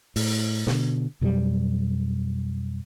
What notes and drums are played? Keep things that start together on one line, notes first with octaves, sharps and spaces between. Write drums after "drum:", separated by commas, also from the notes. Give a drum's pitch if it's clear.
A2, drum: open hi-hat
B2 D3, drum: snare
F2 B2 F#3 G3